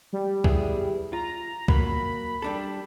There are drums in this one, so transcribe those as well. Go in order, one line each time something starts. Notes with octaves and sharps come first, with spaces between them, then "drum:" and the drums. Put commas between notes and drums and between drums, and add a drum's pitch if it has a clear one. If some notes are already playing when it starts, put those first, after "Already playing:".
G3
B3 E4 G#4, drum: kick
F4 A#5
F#3 A#3 B5, drum: kick
G3 D4 A4